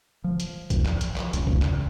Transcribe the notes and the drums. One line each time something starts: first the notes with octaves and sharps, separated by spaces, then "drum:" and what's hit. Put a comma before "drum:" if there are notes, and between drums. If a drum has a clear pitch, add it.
F3
drum: hi-hat
drum: kick, hi-hat
drum: clap
drum: hi-hat
drum: clap
C#2, drum: hi-hat
drum: kick
drum: clap